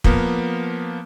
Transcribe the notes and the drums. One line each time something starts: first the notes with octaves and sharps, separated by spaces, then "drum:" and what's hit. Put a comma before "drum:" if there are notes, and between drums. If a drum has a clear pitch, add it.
F3 A#3 B3, drum: kick